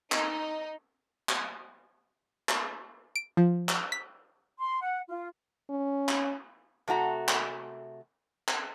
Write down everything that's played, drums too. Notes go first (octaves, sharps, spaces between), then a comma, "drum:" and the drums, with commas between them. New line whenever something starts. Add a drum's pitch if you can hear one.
D#4, drum: clap
drum: clap
drum: clap
D7
F3
drum: clap
B6
C6
F#5
F4
C#4
drum: clap
C3 A3 F#4 A#5
drum: clap
drum: clap